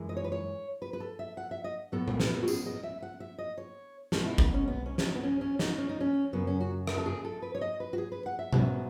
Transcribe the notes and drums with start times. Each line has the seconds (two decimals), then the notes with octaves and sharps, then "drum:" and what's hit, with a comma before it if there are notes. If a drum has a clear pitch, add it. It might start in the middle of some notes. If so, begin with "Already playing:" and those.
Already playing: F#2 E3 G#3
0.09 D#5
0.17 C#5
0.24 B4
0.32 C#5
0.82 B4
0.93 B4
1.00 A4
1.19 E5
1.37 F#5
1.51 E5
1.64 D#5
1.92 A2 F#3 B3 A4
2.08 drum: tom A#2
2.20 A4, drum: snare
2.27 B4
2.34 A4
2.43 F#4
2.48 G#4, drum: tambourine
2.66 D#5
2.83 E5
3.02 F#5
3.20 E5
3.39 D#5
3.58 C#5
4.12 B2 G#3 B3 A4, drum: snare
4.26 E4
4.38 drum: kick G1
4.54 C#4
4.68 B3
4.86 C#4
4.98 C#4, drum: snare
5.05 D#4
5.15 B3
5.23 C#4
5.41 C#4
5.59 D#4, drum: snare
5.78 C#4
5.89 D#4
6.01 C#4
6.33 F#2 C#3 F#3 B3
6.47 C#4
6.60 F#4
6.87 A4, drum: rim click
6.98 A4
7.06 G#4
7.25 A4
7.42 B4
7.55 C#5
7.61 D#5
7.80 B4
7.93 F#4
7.98 G#4
8.12 B4
8.26 F#5
8.39 E5
8.53 G#2 F#3 B3, drum: tom B2